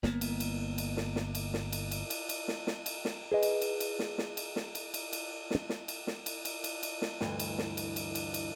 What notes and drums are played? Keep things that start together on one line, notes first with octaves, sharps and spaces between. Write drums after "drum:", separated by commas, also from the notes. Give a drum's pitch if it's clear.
G1 A#3 B3, drum: snare
drum: cymbal
drum: cymbal
drum: cymbal
drum: snare
drum: snare
drum: cymbal
drum: snare
drum: cymbal
drum: cymbal
drum: cymbal
drum: cymbal
drum: snare
drum: snare
drum: cymbal
drum: snare
G#4 B4 D#5
drum: cymbal
drum: cymbal
drum: cymbal
drum: snare
drum: snare
drum: cymbal
drum: snare
drum: cymbal
drum: cymbal
drum: cymbal
drum: snare
drum: snare
drum: cymbal
drum: snare
drum: cymbal
drum: cymbal
drum: cymbal
drum: cymbal
drum: snare
D2 G2 E3, drum: snare
drum: cymbal
drum: snare
drum: cymbal
drum: cymbal
drum: cymbal
drum: cymbal